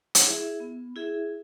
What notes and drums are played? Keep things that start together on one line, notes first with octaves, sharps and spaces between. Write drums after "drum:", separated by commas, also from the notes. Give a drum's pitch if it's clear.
drum: hi-hat
E4 G#4 E5
B3
E4 G#4 E5